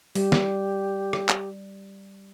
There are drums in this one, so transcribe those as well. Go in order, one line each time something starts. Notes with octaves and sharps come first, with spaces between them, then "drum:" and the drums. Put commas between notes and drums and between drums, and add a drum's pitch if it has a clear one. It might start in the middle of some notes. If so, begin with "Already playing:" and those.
G3 G4, drum: open hi-hat
drum: snare
drum: rim click
drum: clap